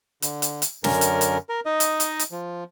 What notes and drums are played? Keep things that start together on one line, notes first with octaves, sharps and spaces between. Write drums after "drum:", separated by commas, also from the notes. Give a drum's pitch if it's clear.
D3, drum: hi-hat
drum: hi-hat
drum: hi-hat
F#2 D3 C#4 A#4, drum: snare
drum: hi-hat
drum: hi-hat
A#4
D#4 D#5
drum: hi-hat
drum: hi-hat
drum: hi-hat
F3